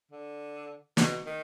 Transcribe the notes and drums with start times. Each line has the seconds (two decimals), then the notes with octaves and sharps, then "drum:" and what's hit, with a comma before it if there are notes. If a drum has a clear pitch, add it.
0.11 D3
0.97 B2, drum: snare
1.26 D#3